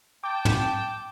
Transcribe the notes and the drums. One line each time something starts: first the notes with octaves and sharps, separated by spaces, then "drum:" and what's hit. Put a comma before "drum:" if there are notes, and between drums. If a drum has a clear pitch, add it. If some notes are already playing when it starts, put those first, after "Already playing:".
G5 A5 D6
drum: tom